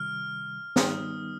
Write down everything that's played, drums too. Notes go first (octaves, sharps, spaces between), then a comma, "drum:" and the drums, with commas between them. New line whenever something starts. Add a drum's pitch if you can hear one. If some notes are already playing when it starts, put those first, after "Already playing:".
Already playing: C3 D#3 G3 F6
D#3 G3 B3 D#4 D#6, drum: snare